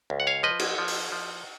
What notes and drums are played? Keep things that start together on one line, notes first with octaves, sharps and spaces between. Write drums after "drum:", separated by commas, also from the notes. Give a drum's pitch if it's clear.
C#2
F#5
C#5 F5
F3 B4 D#5
drum: cymbal
F3
drum: open hi-hat
F3